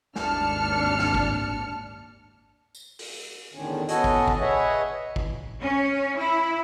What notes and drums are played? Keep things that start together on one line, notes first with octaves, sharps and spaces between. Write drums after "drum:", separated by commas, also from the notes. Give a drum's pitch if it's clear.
G#1 D#2 D4 A5 F6 C#7, drum: snare
drum: snare
drum: kick
drum: tambourine
drum: open hi-hat
E2 A2 D3 D#3 C#4
B3 C#4 F#4 A4 D#5 G#5, drum: hi-hat
drum: kick
drum: kick
G#4 B4 C#5 D#5 E5 F#5
drum: kick
C#4
E4